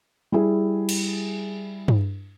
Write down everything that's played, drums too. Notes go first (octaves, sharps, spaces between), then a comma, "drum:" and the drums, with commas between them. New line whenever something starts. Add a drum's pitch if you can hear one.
G3 E4 G#4
drum: cymbal
drum: tom G2